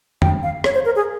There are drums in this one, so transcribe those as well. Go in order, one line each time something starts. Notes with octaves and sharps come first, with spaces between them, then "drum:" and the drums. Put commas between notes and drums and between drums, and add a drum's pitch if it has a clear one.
G5, drum: tom F2
F5
C#5, drum: rim click
C5
A#4
G#4